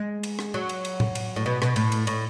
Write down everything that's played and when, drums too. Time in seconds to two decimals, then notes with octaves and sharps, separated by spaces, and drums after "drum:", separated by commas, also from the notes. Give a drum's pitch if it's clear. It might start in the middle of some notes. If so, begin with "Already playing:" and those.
Already playing: G#3
0.23 drum: cymbal
0.39 drum: rim click
0.54 F#3
0.69 drum: cymbal
0.85 drum: cymbal
1.00 drum: tom A2
1.15 drum: cymbal
1.36 A2
1.46 B2
1.62 B2, drum: rim click
1.76 A2, drum: cymbal
1.92 drum: cymbal
2.07 A2, drum: cymbal